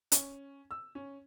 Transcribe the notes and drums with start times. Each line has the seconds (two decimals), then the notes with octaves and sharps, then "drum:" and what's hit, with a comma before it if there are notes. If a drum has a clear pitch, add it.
0.12 C#4, drum: hi-hat
0.71 E6
0.95 C#4